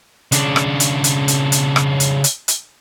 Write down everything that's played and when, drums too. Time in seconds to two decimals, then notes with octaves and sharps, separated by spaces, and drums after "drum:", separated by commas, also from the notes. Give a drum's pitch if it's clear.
0.32 C#3 D4, drum: hi-hat
0.56 drum: rim click
0.80 drum: hi-hat
1.04 drum: hi-hat
1.28 drum: hi-hat
1.52 drum: hi-hat
1.76 drum: rim click
2.00 drum: hi-hat
2.24 drum: hi-hat
2.48 drum: hi-hat